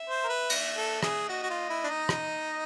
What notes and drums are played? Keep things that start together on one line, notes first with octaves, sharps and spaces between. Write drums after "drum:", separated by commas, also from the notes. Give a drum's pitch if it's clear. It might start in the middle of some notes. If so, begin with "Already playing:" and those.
Already playing: E5
C5
A#4
B4
drum: cymbal
A4
G#4, drum: rim click
F#4 D#5
F#4
F4
E4
D4
D#4
drum: rim click